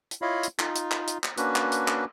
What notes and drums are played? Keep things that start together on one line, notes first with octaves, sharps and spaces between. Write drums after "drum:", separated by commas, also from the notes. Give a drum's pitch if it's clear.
drum: hi-hat
E4 F4 C#5 D#5 F5 B5
drum: hi-hat
D#4 F4, drum: clap
drum: hi-hat
drum: clap
drum: hi-hat
drum: clap
A#3 C#4 D4 F#4 B4, drum: hi-hat
drum: clap
drum: hi-hat
drum: clap